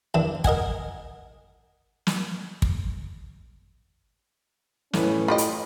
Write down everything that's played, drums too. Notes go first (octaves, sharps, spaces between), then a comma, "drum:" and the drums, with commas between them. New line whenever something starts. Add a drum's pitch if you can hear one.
D#2 E3 D4
A#4 D#5 F#5 G#5, drum: kick
drum: snare
drum: kick
A1 A2 C#4 B4, drum: snare
F4 G4 D#5 B5
drum: hi-hat